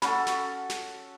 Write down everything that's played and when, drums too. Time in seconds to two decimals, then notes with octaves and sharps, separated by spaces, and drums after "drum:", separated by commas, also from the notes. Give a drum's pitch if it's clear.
0.02 C#4 F#4 A4 B5, drum: snare
0.27 drum: snare
0.70 drum: snare